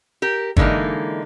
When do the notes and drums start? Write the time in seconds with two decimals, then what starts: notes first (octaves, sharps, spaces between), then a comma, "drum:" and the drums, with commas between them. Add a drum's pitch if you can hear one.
0.22 G4 A#4
0.57 D3 E3 G#3 A#3 D#4, drum: kick